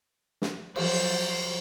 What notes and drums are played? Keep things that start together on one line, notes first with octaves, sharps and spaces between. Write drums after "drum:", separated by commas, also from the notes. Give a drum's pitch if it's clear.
drum: snare
F3 F#3 C5, drum: cymbal